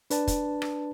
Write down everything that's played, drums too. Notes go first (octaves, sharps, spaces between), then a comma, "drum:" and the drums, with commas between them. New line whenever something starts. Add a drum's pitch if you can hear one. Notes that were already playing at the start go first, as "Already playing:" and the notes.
D4 B4 D5 A5, drum: hi-hat
drum: kick, hi-hat
drum: rim click